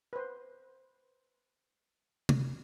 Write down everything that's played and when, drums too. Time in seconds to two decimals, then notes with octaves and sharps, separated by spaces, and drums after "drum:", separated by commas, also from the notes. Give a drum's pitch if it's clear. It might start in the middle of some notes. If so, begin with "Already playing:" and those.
0.13 B4 C5
2.29 drum: tom C3